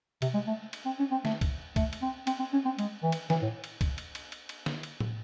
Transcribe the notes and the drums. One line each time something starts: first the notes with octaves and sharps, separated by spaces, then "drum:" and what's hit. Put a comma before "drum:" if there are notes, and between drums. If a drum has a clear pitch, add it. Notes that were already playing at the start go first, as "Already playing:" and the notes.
C3, drum: cymbal
G#3
A3
drum: cymbal
C4
C#4
C4
A3, drum: snare
drum: kick C2, cymbal
A3, drum: kick C2, cymbal
drum: cymbal
C4
C4, drum: cymbal
C4
C#4
C4
G#3, drum: cymbal
E3
drum: cymbal
E3, drum: snare
A2
drum: cymbal
drum: kick C2, cymbal
drum: cymbal
drum: cymbal
drum: cymbal
drum: cymbal
drum: snare
drum: cymbal
drum: tom A2